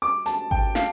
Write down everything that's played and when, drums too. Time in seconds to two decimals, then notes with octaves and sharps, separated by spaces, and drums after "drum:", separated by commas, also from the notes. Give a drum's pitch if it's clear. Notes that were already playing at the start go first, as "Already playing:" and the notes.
0.02 D6
0.26 A5, drum: hi-hat
0.51 G5, drum: kick G#1
0.75 F5, drum: snare